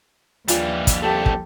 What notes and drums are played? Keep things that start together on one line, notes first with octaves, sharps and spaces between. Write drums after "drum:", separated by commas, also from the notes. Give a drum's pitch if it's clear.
D#2 E3 F3 G3 D4 F4 G#4, drum: hi-hat
drum: kick, hi-hat
C2 A3 G4 A4
drum: kick